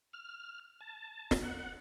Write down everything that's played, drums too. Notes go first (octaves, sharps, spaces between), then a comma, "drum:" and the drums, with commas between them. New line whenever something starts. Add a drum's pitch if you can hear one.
F6
A5
drum: snare
F#5